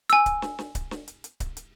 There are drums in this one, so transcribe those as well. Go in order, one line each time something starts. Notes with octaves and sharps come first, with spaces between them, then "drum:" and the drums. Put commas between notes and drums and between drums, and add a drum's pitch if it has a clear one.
G#5 E6, drum: hi-hat
drum: kick C#1, hi-hat
drum: snare
drum: snare
drum: kick C#1, hi-hat
drum: snare
drum: hi-hat
drum: hi-hat
drum: kick C#1, hi-hat
drum: hi-hat